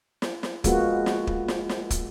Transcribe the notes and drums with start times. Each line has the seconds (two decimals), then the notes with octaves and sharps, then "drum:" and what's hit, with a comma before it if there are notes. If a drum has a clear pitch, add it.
0.22 drum: snare
0.43 drum: snare
0.64 F3 G#3 A#3 B3 F#4, drum: kick, hi-hat
1.06 drum: snare
1.27 drum: kick
1.48 drum: snare
1.69 drum: snare
1.90 drum: kick, hi-hat